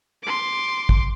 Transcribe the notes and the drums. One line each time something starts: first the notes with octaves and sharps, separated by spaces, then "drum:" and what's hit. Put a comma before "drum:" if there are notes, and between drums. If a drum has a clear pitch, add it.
C6 D6
drum: kick